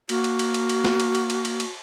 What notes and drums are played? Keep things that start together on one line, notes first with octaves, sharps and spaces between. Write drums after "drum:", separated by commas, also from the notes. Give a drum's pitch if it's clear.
A#3 F#4, drum: cymbal
drum: cymbal
drum: cymbal
drum: cymbal
drum: cymbal
drum: snare
drum: cymbal
drum: cymbal
drum: cymbal
drum: cymbal
drum: cymbal